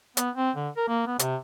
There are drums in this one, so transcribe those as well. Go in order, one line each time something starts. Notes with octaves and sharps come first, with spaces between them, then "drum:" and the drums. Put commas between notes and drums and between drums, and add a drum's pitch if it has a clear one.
B3, drum: hi-hat
C4
D3
A#4
A#3
B3
C3, drum: hi-hat